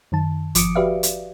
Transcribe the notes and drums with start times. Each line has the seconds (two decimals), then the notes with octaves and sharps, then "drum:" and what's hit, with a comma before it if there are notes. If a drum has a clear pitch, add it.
0.12 F#2 D#3 A5
0.55 G1 F3 D6 D#6 C#7 D7, drum: hi-hat
0.75 F#4 G4 B4 D5 E5 F5
1.03 drum: hi-hat